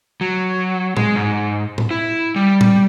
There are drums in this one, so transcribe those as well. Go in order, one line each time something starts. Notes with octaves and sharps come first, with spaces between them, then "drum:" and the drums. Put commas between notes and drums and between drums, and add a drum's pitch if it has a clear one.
F#3
G#3, drum: tom A2
G#2
drum: tom A2
E4
G3
drum: tom A2